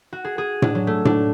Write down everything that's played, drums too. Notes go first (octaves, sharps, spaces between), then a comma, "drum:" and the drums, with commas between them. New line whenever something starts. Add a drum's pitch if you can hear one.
F#4
G#4
G#4
D4, drum: tom A2
F#3
A3
D4, drum: tom A2